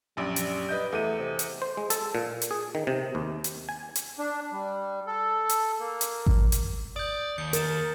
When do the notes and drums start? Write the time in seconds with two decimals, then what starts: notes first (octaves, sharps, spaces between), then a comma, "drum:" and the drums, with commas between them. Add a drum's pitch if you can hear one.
0.17 A#1 F#2 G3
0.36 drum: hi-hat
0.69 B4 D#5 G6
0.92 E2 A3 D#7
1.19 C3
1.39 drum: hi-hat
1.62 C5
1.77 G#3
1.90 A4, drum: hi-hat
2.15 A#2
2.42 drum: hi-hat
2.51 G#4
2.75 D#3
2.87 C3
3.15 D#2
3.44 drum: hi-hat
3.69 G#5
3.96 drum: hi-hat
4.19 D4
4.53 G3
5.07 A4
5.49 drum: hi-hat
5.80 A#3
6.01 drum: hi-hat
6.26 drum: kick G#1
6.52 drum: hi-hat
6.96 D5 D#6 G6
7.38 D#2 G6 C#7
7.53 A#4 D#6 A6 E7, drum: hi-hat